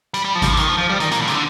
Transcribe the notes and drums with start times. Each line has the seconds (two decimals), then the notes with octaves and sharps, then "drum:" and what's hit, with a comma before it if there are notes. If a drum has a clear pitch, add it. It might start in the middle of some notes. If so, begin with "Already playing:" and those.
0.14 G3, drum: hi-hat
0.25 G3
0.35 F3
0.42 G3, drum: kick, hi-hat
0.47 F3
0.53 D3
0.57 D#3, drum: hi-hat
0.68 F3
0.78 F3
0.89 G3
1.00 D#3, drum: hi-hat
1.11 A#2, drum: hi-hat
1.21 A2
1.28 C3, drum: hi-hat
1.33 D3